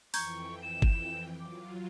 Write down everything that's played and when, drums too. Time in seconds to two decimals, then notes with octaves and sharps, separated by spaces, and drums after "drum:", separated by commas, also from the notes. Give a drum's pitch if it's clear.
0.14 F2 E3 G5 A#5 C#6 G6 G#6, drum: open hi-hat
0.63 E7
0.82 drum: kick G1
1.40 F#3 F4 D6